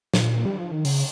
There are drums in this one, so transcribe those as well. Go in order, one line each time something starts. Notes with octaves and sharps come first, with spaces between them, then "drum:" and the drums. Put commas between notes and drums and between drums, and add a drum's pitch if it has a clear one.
A#2, drum: snare
G3
F3
D#3
C#3, drum: open hi-hat